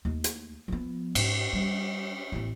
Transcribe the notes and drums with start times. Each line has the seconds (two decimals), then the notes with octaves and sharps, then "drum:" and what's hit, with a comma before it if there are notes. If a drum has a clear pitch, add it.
0.05 D#2 A3
0.24 drum: hi-hat
0.68 F3 B3
1.15 G#2, drum: cymbal
1.53 G3
2.32 A1 C4